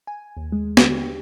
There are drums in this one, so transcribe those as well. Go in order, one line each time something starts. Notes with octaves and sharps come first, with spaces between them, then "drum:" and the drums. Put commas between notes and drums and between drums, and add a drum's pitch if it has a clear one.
G#5
D#2
G#3
D3, drum: snare
G4